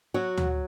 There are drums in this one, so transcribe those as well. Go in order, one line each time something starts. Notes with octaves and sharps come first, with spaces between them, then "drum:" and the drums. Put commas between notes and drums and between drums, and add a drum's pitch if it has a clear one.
F#3 F#4
drum: tom D2